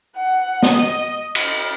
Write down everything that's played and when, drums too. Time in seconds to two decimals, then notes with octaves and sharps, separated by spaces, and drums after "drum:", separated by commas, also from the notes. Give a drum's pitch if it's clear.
0.17 F#5
0.62 D#5, drum: snare
1.35 drum: cymbal